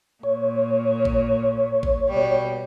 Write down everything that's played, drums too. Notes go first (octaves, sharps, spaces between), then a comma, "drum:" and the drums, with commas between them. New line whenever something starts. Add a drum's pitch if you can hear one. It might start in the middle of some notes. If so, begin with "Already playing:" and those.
A#2 C#5
drum: kick A1
drum: kick A1
B2 G3